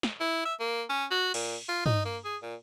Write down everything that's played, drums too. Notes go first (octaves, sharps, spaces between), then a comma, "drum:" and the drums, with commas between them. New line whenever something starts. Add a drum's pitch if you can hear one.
drum: snare
E4
E5
A#3
C#4
F#4
A#2, drum: cymbal
F4
D#4, drum: tom
A#3
G#4
A#2